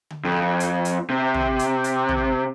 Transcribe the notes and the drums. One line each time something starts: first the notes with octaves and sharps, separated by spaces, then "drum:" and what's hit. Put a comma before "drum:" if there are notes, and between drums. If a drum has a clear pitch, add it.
drum: tom D3
F2
drum: hi-hat
drum: hi-hat
C3
drum: tom
drum: hi-hat
drum: hi-hat
drum: tom